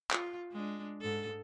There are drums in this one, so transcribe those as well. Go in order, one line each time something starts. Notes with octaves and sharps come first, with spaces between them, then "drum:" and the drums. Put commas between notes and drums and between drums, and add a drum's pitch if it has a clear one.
F4, drum: clap
G#3 D4
G#2 A4